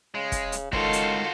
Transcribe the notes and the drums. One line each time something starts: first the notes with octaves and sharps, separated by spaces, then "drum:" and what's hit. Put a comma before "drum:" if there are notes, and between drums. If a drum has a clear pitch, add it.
C#3 G#3
drum: kick, hi-hat
drum: hi-hat
D#3 G#3 F4 F#4 A4 C5 C#5 D#5, drum: kick
drum: hi-hat